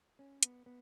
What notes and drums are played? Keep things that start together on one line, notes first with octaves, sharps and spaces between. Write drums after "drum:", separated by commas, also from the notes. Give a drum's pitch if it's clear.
C#4
B3, drum: hi-hat
B3